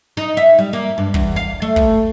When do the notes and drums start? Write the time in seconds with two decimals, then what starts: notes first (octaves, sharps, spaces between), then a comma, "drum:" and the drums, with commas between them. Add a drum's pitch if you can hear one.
0.17 D#4
0.37 E5
0.59 G3
0.73 A#3
0.98 G2
1.14 E2, drum: kick
1.36 F5
1.62 A3
1.76 drum: kick